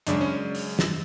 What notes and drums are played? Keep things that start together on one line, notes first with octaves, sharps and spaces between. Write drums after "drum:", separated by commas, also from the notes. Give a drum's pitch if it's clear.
F#2 C#3 G#3 D4, drum: hi-hat
C#4
drum: open hi-hat
drum: snare